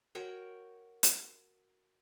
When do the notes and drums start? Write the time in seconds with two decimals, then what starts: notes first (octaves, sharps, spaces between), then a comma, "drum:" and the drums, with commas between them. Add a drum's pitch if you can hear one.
0.15 F#4 A#4 C#5 G5
1.03 drum: hi-hat